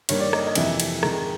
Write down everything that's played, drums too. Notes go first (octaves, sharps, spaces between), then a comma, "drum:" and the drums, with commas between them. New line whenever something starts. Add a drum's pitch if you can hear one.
G2 D#3 G3 A#3 C#5, drum: cymbal
D5
D#5, drum: rim click
D#5
F2 C3 E3 E5, drum: cymbal
drum: cymbal
G#2 D#3 G#3 A#5, drum: rim click